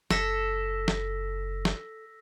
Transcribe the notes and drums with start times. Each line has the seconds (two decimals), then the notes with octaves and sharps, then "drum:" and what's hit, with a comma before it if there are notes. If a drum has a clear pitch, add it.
0.10 F#1 A4 E6 A#6 B6, drum: snare
0.88 drum: snare
1.65 drum: snare